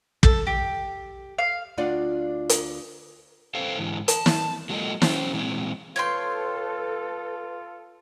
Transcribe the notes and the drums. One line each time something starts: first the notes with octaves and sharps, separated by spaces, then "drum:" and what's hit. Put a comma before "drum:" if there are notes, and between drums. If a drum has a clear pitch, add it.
A4, drum: kick
G4
F5
D2 D4 F4 D5 F#5
drum: hi-hat
A4 B4 C5 F5
G#2 D3 E3
A5, drum: hi-hat
drum: snare
F#3 G#3 A#3 F4 A4 D#5
F#3 C#4 C5, drum: snare
A#2 E3 G#3 C4
F4 A4 B4 C#5 G5 C6